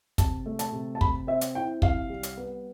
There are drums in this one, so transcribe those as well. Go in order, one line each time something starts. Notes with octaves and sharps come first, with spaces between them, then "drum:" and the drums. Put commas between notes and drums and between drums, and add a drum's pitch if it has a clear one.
C3 A5, drum: kick, hi-hat
A3
A5, drum: hi-hat
C3
A5
C3 B5, drum: kick
C4 E5
drum: hi-hat
E4 G5
C2 F5, drum: kick
G3
drum: hi-hat
B3